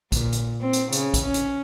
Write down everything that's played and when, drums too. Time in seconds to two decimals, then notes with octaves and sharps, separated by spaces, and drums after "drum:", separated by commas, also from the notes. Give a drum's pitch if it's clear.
0.12 A#2, drum: kick A#1, hi-hat
0.32 drum: hi-hat
0.61 C4
0.73 drum: hi-hat
0.92 C#3, drum: hi-hat
1.14 drum: kick A#1, hi-hat
1.24 C#4
1.34 drum: hi-hat